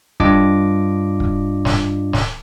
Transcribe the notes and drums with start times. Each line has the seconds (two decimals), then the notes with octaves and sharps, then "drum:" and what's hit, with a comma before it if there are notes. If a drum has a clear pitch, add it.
0.20 G2 D4 F4 D#5 D6, drum: kick
1.20 drum: kick
1.65 drum: snare
2.13 drum: snare